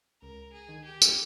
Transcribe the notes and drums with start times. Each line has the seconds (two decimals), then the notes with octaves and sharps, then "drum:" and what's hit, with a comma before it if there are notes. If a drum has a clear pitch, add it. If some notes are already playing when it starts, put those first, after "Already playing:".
0.22 C#2 A#4
0.53 G#4
0.68 D#3
0.84 G4
1.02 drum: tambourine